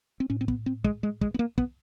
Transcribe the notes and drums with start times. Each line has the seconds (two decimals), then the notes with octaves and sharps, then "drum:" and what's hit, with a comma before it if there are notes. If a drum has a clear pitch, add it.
0.20 C4
0.30 A2 C#4
0.41 C4
0.48 B3, drum: kick
0.66 C4
0.84 G#3, drum: kick
1.03 G#3
1.21 G#3, drum: kick
1.34 B3
1.39 A#3
1.58 B3, drum: kick